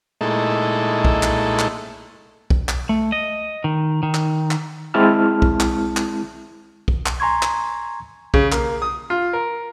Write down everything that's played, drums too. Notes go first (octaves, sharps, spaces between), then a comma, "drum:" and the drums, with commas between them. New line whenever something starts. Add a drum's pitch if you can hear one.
A#2 G#3 A3 D#4 E4 A4
drum: kick B1
drum: clap
drum: clap
drum: kick B1
drum: clap
A3
D#5
D#3
D#3
drum: clap
drum: clap
G#3 C4 E4 A5 F6
drum: kick B1
drum: clap
drum: clap
drum: kick B1
drum: clap
G#5 A#5 C6 C#6 G#6
drum: clap
C#3, drum: kick B1
A#3, drum: clap
D#6
F4
A#4